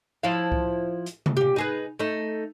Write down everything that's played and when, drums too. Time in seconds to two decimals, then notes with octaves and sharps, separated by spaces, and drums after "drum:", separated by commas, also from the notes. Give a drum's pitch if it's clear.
0.23 F3 E4 F5
0.52 drum: kick C2
1.06 drum: hi-hat
1.26 drum: tom C3
1.37 A#2 G4
1.56 D#4 G#4 B4
1.99 A3 D#4